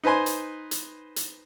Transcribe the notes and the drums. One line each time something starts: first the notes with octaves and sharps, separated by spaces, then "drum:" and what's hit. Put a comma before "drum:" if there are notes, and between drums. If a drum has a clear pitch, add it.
D#4 B4 C5 G#5 C6
drum: hi-hat
drum: hi-hat
drum: hi-hat